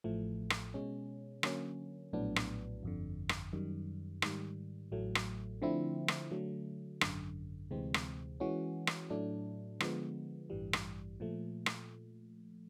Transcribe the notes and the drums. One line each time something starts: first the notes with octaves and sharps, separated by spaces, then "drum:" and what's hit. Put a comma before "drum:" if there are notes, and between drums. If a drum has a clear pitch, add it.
A1 A2 F3 A3
drum: rim click
B2 G#3 C#4
D3 F#3 A#3 C#4, drum: rim click
A#1 A2 F#3 B3 D4
drum: rim click
G1 F2 D3
drum: rim click
F#2 D#3 G3
G#2 D#3 G3, drum: rim click
A1 A2 F#3 A3
drum: rim click
D3 F3 A3 C4 E4
drum: rim click
D3 F#3 A3
G#1 F#2 D3, drum: rim click
D2 C3 E3 G#3 C4
drum: rim click
E3 G#3 C#4 F#4
drum: rim click
A2 F#3 A3 D4
D3 F3 G#3 B3, drum: rim click
A1 G2 E3 G3
drum: rim click
A#2 F3 A3
drum: rim click